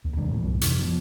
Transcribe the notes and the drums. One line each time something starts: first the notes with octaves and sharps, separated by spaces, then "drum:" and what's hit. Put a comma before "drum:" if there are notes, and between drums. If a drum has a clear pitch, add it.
D#2
C3 D#3 G#3 D4
A2 F3 A#3
C2 G2 G#3
F2 C3 E3, drum: hi-hat
F3 B3